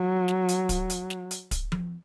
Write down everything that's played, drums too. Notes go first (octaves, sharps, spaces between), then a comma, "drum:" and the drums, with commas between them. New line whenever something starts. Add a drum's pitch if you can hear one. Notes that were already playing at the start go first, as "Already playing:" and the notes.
Already playing: F#3
drum: snare
drum: hi-hat
drum: kick, hi-hat
drum: hi-hat
drum: snare
drum: hi-hat
drum: kick, hi-hat
drum: tom F3